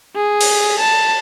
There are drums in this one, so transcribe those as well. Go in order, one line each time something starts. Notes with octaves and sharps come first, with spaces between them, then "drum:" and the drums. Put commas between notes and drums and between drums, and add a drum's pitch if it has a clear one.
G#4
drum: open hi-hat
A5